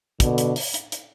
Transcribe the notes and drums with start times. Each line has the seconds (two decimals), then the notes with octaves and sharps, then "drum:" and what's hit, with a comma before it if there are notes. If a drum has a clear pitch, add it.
0.20 B2 D3, drum: kick, hi-hat
0.38 drum: hi-hat
0.56 drum: open hi-hat
0.74 drum: hi-hat
0.92 drum: hi-hat